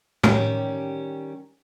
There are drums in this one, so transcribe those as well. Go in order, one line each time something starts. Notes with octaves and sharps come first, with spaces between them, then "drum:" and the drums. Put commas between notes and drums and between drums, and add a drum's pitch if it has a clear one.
D#3 G3 C#4 G4, drum: tom